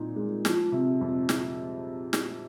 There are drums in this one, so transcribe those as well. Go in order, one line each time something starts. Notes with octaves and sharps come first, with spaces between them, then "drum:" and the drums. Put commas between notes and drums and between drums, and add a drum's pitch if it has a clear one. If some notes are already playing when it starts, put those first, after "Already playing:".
Already playing: A#2 D#4
G#3
F3, drum: snare
C3
F2
drum: snare
drum: snare